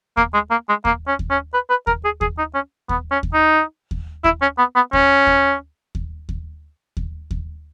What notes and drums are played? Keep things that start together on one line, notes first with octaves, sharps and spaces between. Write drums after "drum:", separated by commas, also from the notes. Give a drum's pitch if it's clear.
A#3, drum: kick D#2
G#3
A#3
G#3
A#3, drum: kick D#2
C#4
drum: kick D#2
C#4
B4
B4
A#4, drum: kick D#2
G#4
G#4, drum: kick D#2
D#4
C#4
B3, drum: kick D#2
C#4
drum: kick D#2
D#4
drum: kick D#2
E4, drum: kick D#2
C#4
B3
B3
C#4, drum: kick D#2
drum: kick D#2
drum: kick D#2
drum: kick D#2
drum: kick D#2
drum: kick D#2